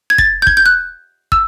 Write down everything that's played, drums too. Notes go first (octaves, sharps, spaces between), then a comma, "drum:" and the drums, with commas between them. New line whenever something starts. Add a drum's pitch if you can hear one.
G#6
A6, drum: kick
G6
G#6, drum: kick
G6
F#6
E6, drum: kick